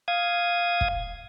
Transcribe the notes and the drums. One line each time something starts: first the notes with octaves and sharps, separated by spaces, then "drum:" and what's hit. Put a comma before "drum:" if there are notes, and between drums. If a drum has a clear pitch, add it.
F5 D#6 G#6
drum: kick